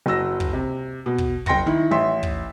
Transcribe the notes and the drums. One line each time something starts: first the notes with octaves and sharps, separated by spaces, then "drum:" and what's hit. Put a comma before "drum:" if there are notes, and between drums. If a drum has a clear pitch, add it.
F#1 F#3 E6 A#6
drum: kick
C3
B2
drum: kick
F#1 G5 C6 A#6 C#7, drum: kick
D#3 E4
A1 E5 C6
drum: kick